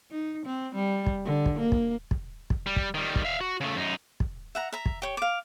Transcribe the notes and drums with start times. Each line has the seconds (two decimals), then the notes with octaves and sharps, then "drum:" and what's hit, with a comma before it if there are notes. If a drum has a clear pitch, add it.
0.11 D#4
0.46 C4
0.75 G3
1.06 drum: kick
1.25 D3
1.46 drum: kick
1.59 A#3
1.72 drum: kick
2.11 drum: kick
2.50 drum: kick
2.66 G3
2.76 drum: kick
2.94 D#3 G3
3.16 drum: kick
3.25 E5 F5
3.41 F#4
3.61 C#3 A3
3.76 F#2 D#4
4.20 drum: kick
4.55 E5 F#5 A#5
4.73 E5 A#5
4.86 drum: kick
5.02 G4 C#5
5.17 F5 D6